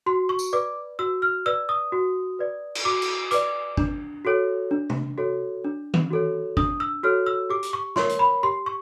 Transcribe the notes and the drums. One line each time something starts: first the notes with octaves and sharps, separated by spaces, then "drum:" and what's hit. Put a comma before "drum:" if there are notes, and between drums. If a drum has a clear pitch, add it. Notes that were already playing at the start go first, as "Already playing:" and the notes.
F#4 C6
C#6
drum: tambourine
B4 D5 D6
F#4 E6
F6
B4 D5 E6
D#6
F#4
B4 D5
drum: cymbal
F#4 D6
drum: cymbal
B4 D5 D6, drum: hi-hat
D4, drum: kick
F#4 A4 C#5
D4
drum: tom C3
F#4 A4 C#5
D4
drum: tom D#3
F#4 A4 C#5
D4 D#6, drum: kick
E6
F#4 A4 C#5 F6
E6
G4 D6
drum: hi-hat
C#6
A#4 C#5 C6, drum: snare
drum: hi-hat
B5
G4 C6
C#6